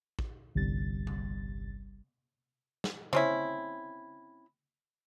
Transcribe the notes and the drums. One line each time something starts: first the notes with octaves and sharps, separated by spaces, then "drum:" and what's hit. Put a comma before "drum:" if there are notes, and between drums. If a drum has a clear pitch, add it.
drum: kick A1
G1 C2 G3 A6
drum: tom C3
drum: snare
C4 C#4 E4, drum: tom C#3